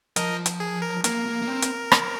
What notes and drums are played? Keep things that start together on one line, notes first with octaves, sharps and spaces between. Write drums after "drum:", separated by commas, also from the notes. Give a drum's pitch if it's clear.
F3 A#4 D#5, drum: hi-hat
drum: hi-hat
G#4
A#4
A#3 A#4, drum: hi-hat
A#3
A#3
C4
drum: hi-hat
drum: rim click